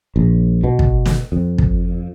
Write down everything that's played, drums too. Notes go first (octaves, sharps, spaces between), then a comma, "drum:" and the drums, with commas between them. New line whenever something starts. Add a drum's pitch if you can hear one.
A#1
B2
drum: kick
drum: snare
F2
drum: kick